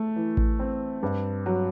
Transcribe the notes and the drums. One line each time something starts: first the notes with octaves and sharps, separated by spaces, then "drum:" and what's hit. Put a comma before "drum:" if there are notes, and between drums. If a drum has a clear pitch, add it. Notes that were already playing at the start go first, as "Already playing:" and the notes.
Already playing: A3
E3
drum: kick A1
C4
G2
F#3